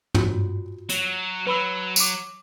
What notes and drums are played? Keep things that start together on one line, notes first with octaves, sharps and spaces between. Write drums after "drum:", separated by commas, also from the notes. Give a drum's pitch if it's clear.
F4 F#4, drum: tom
F#3, drum: hi-hat
F#3 B4 B5 E6
D6 F7, drum: tambourine